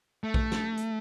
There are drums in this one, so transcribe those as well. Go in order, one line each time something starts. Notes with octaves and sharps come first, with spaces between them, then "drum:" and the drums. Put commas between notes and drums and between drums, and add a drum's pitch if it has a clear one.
A3
drum: kick A#1
drum: snare
drum: hi-hat